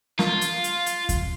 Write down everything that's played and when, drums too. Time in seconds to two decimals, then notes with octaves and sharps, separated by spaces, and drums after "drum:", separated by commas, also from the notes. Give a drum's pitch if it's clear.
0.19 F4, drum: snare
0.41 drum: hi-hat
0.64 drum: hi-hat
0.86 drum: hi-hat
1.09 drum: kick E2, hi-hat